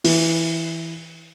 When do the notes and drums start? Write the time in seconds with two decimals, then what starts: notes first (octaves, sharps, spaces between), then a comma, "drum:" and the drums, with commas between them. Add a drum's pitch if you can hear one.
0.04 E3, drum: open hi-hat